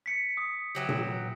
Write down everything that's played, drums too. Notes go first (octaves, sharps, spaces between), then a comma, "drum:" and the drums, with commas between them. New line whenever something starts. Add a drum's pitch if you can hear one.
B6 C#7
D#6
E3 F#3 G4
drum: tom A#2